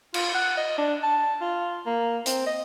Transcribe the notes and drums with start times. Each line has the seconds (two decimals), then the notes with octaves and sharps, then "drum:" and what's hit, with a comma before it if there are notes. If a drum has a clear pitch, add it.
0.14 F4, drum: cymbal
0.34 F#5
0.57 D#5
0.78 D4
1.03 A5
1.41 F4
1.86 A#3
2.26 C4, drum: hi-hat
2.46 D#5